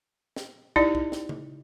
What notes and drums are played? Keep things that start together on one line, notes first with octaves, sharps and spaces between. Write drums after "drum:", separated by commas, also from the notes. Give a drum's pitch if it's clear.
drum: snare
D#4 E4 G4 D5 D#5, drum: kick
drum: kick
drum: snare
drum: tom C#3